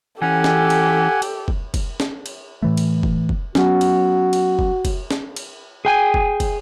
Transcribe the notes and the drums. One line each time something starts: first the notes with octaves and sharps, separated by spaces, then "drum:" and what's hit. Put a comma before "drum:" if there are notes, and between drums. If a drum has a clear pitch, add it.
E3 C#4 G4 A4 F#5 G#5
drum: snare C#4
drum: cymbal
drum: cymbal
drum: kick
drum: kick, cymbal
drum: snare C#4
drum: cymbal
A2 E3 A3
drum: cymbal
drum: kick
drum: kick
F#3 B3 C#4 F#4, drum: snare C#4
drum: cymbal
drum: cymbal
drum: kick
drum: kick, cymbal
drum: snare C#4
drum: cymbal
G#4 G5 G#5
drum: kick
drum: kick, cymbal